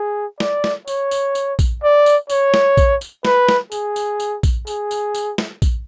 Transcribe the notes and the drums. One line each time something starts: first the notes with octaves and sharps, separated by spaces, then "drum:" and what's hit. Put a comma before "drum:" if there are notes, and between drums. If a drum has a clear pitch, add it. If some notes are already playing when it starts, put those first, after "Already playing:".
Already playing: G#4
D5, drum: snare
drum: snare
C#5, drum: tambourine
drum: tambourine
drum: tambourine
drum: kick A#1, tambourine
D5
drum: tambourine
C#5, drum: tambourine
drum: snare
drum: kick A#1, tambourine
drum: tambourine
B4, drum: snare
drum: snare
G#4, drum: tambourine
drum: tambourine
drum: tambourine
drum: kick A#1, tambourine
G#4, drum: tambourine
drum: tambourine
drum: tambourine
drum: snare
drum: kick A#1, tambourine